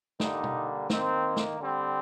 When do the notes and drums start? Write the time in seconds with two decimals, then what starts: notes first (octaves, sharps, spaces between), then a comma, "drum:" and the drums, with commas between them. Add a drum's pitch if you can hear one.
0.20 D3 G3 A#3 D#4, drum: snare
0.44 drum: tom
0.90 D#3 A#3 C4, drum: snare
1.36 drum: snare
1.59 D3 G3 C4